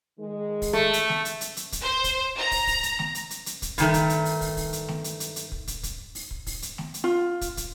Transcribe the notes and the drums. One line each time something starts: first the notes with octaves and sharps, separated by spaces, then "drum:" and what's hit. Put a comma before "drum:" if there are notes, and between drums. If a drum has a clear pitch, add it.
D#3 G#3
drum: kick, open hi-hat
A3
drum: hi-hat
drum: snare A3
drum: hi-hat
drum: hi-hat
drum: hi-hat
drum: kick, hi-hat
C5
drum: kick, hi-hat
A#5
drum: kick, open hi-hat
drum: kick, open hi-hat
drum: hi-hat
drum: snare A3
drum: hi-hat
drum: hi-hat
drum: hi-hat
drum: kick, hi-hat
G2 D#3 A3, drum: kick, hi-hat
drum: kick, hi-hat
drum: hi-hat
drum: open hi-hat
drum: kick, open hi-hat
drum: kick, open hi-hat
drum: hi-hat
drum: snare A3
drum: hi-hat
drum: hi-hat
drum: hi-hat
drum: kick
drum: kick, hi-hat
drum: kick, hi-hat
drum: open hi-hat
drum: kick
drum: kick, open hi-hat
drum: hi-hat
drum: snare A3
drum: hi-hat
F4
drum: kick, hi-hat
drum: kick, hi-hat